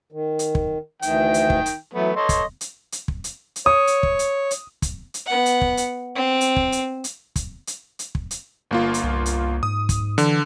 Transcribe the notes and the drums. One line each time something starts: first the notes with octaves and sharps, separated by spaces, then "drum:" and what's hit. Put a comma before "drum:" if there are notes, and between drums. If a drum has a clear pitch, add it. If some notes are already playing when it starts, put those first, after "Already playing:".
D#3
drum: hi-hat
drum: kick
D2 D#3 E3 G5, drum: hi-hat
drum: hi-hat
drum: kick
drum: hi-hat
E3 F#3 A3 B3
A4 C#5 D#5 C6
drum: kick, hi-hat
drum: hi-hat
drum: hi-hat
drum: kick
drum: hi-hat
drum: hi-hat
C#5 D#6
drum: hi-hat
drum: kick
drum: hi-hat
drum: hi-hat
drum: kick, hi-hat
drum: hi-hat
B3 F#5
drum: hi-hat
drum: kick
drum: hi-hat
C4
drum: hi-hat
drum: kick
drum: hi-hat
drum: hi-hat
drum: kick, hi-hat
drum: hi-hat
drum: hi-hat
drum: kick
drum: hi-hat
G1 A#3 F4
drum: hi-hat
C2
drum: hi-hat
G#2 D#6
drum: kick, hi-hat
D3 E3, drum: hi-hat